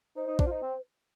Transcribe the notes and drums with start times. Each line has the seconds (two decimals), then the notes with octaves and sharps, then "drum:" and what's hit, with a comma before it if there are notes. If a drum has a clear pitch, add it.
0.16 D#4 C5
0.28 D#4
0.39 D4, drum: kick
0.46 F4
0.51 D#4
0.62 C4